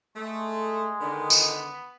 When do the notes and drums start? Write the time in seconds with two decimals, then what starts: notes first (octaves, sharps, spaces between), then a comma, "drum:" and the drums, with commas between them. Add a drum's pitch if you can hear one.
0.16 G#3 A3 C6 D#6
1.00 D3 D#3 B3
1.30 drum: tambourine